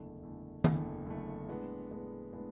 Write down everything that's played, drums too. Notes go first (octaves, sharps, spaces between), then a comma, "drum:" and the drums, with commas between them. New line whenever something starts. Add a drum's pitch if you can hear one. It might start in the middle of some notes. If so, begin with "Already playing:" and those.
Already playing: F#1 E2 D3 A3
F#1 E2 D3 A3
F#1 E2 D3 A3, drum: tom
F#1 E2 D3 A3
A2 G#3 B3 D4
A2 G#3 B3 D4
A2 G#3 B3 D4